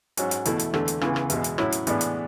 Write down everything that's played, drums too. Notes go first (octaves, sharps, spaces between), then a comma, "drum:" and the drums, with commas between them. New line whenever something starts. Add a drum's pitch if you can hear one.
G#2 F#3 C#4, drum: hi-hat
drum: hi-hat
E2 B2 A3 E4, drum: hi-hat
drum: hi-hat
E2 D3 A3, drum: rim click
drum: hi-hat
C#2 C#3 E3 B3 E4, drum: rim click
drum: rim click
E2 B2 G#3, drum: hi-hat
drum: hi-hat
A2 F#3 C#4 E4, drum: rim click
drum: hi-hat
A2 E3 G#3 B3 D4, drum: hi-hat
drum: hi-hat